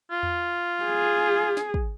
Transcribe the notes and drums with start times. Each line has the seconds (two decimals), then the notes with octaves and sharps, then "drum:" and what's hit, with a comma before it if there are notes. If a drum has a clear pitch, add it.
0.11 F4
0.23 drum: tom E2
0.84 G#4
1.57 drum: snare
1.74 drum: kick